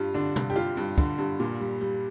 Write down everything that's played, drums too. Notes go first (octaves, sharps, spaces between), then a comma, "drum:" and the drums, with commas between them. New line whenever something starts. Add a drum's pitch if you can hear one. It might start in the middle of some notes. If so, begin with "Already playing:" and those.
Already playing: G2 G3 F4
D3 D4
G2, drum: tom
G4
G3 F4
G2
D3, drum: kick
G2
A#2
G3
G3